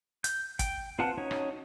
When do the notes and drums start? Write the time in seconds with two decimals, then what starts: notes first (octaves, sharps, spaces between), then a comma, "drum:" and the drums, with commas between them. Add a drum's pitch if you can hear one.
0.24 G6, drum: hi-hat
0.59 G5, drum: kick, hi-hat
0.99 C4 F4 B4 F#5 A5
1.18 C#4 D#4 F#4 C#5
1.31 drum: rim click